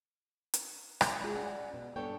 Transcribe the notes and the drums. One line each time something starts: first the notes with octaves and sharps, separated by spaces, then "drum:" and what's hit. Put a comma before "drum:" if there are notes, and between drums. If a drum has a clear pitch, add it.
drum: hi-hat
drum: rim click
G#3 F4 F#4 G#4
C#4 D5 F#5 G#5
B2
G2 B3 D4 A4 C#5 G5